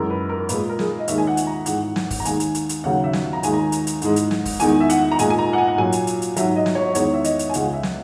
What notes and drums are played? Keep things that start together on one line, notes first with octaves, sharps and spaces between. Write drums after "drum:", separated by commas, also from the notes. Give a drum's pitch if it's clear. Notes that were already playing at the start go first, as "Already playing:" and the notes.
Already playing: F#2 E3 G#3 A#4
B4
A#4
A#2 G#3 B4, drum: hi-hat
A#4
G#4, drum: snare
D#5
D#2 D#3 G#3 E5, drum: hi-hat
G#5
F#5
drum: hi-hat
A#5
G#2 E3 G#3 F#5, drum: hi-hat
drum: snare
drum: kick, open hi-hat
A#5
D#2 D#3 G#3 G#5, drum: hi-hat
drum: hi-hat
drum: hi-hat
drum: hi-hat
D#2 C#3 F#3 F#5
E5
drum: snare
A#5
D#2 D#3 G#3 G#5, drum: hi-hat
A#5
drum: hi-hat
drum: hi-hat
G#2 E3 G#3, drum: hi-hat
drum: hi-hat
drum: snare
drum: kick, open hi-hat
E2 D#3 G#3 G#5, drum: hi-hat
E5
F#5, drum: hi-hat
A#5
A#2 G#3 G#5, drum: hi-hat
G#5
A#5
F#5
G#5
F#5
A#2 F#3 G#5
drum: hi-hat
drum: hi-hat
drum: hi-hat
G#2 F#3 E5, drum: hi-hat
D#5
drum: snare
C#5
E2 D#3 G#3 C#5, drum: hi-hat
E5
D#5, drum: hi-hat
drum: hi-hat
G#5
C#2 C#3 G#3 F#5, drum: hi-hat
E5
drum: snare